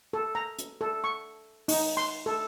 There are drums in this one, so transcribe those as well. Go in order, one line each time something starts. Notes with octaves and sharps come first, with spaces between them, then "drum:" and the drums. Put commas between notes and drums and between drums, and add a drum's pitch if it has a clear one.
A4
A#5
drum: hi-hat
A4
C#6
D#4, drum: open hi-hat
C6
A4